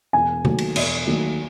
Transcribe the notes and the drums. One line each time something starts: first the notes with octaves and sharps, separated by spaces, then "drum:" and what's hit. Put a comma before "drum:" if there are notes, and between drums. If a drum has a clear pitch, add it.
E1 G#5
D#2 D#3 F#3 A3, drum: tom C3
drum: cymbal
E1, drum: cymbal
D#2 D#3 F#3 A3